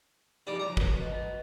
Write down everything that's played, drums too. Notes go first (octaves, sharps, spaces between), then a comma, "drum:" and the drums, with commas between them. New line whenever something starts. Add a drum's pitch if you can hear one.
F2 F3 G3 D#4 D5
F3 F#3 A#5
drum: kick
B4 D#5